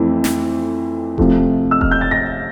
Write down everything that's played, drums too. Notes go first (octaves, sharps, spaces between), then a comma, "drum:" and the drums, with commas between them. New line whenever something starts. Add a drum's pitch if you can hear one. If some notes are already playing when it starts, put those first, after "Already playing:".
Already playing: F2 E3 A3 C4 E4
drum: snare
C3 F3 A3, drum: kick E1
E6
F6, drum: kick E1
G6
A6
A#6